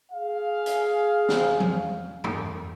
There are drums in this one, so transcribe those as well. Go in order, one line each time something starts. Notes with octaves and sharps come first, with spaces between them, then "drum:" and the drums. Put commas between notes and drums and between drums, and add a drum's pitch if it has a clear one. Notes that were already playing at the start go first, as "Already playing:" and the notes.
G#4 F5
drum: hi-hat
drum: snare
drum: tom F3
drum: tom F2